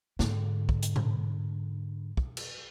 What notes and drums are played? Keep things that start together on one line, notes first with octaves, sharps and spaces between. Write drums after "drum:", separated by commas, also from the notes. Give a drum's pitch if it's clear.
G#2 D3, drum: snare
drum: kick
drum: hi-hat
drum: tom A2
drum: kick
drum: cymbal